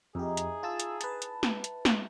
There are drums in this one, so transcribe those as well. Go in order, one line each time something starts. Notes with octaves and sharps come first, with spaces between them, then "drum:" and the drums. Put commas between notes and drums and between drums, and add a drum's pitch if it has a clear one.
F2 D#4 E4 G4 G#4
drum: hi-hat
F4 A5 E6
drum: hi-hat
B4 A5, drum: hi-hat
drum: hi-hat
drum: snare
drum: hi-hat
drum: snare